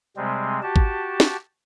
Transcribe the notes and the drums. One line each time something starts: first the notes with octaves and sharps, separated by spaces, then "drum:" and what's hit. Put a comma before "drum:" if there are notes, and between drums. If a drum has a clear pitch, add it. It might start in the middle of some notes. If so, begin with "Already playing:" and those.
C3 G3 G#3 C4
F#4 G4 A5
drum: kick G#1
drum: snare